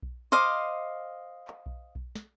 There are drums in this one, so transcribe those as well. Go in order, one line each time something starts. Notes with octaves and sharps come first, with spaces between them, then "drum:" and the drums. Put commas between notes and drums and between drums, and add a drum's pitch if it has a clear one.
drum: kick B1
C5 D#5 F5 D6
drum: clap
drum: kick B1
drum: kick B1
drum: snare